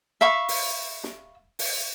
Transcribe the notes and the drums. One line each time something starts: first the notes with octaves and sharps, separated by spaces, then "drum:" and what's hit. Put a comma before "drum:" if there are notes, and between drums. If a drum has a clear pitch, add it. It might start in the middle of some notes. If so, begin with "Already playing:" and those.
E5 F5 B5 C#6
drum: open hi-hat
drum: snare
drum: open hi-hat